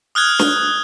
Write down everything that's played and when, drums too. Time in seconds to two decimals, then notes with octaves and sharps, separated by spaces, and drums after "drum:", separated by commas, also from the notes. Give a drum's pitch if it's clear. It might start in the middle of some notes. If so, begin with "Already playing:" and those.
0.15 D#6 F6 F#6 G#6
0.39 drum: snare